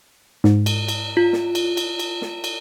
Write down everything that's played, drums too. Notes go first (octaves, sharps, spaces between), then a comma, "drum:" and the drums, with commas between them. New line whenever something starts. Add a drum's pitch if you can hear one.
G#2, drum: snare
drum: cymbal
drum: cymbal
F4
drum: snare
drum: cymbal
drum: cymbal
drum: cymbal
drum: snare
drum: cymbal